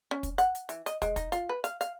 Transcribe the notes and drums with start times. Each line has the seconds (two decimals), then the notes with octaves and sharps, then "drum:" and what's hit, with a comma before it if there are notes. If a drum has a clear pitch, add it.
0.11 C#4
0.23 drum: kick, hi-hat
0.38 F#5, drum: hi-hat
0.55 drum: hi-hat
0.69 E3, drum: hi-hat
0.86 D#5, drum: hi-hat
1.02 G#3, drum: kick, hi-hat
1.16 D#4, drum: kick, hi-hat
1.32 F4, drum: hi-hat
1.49 B4
1.64 F5, drum: hi-hat
1.81 F5, drum: hi-hat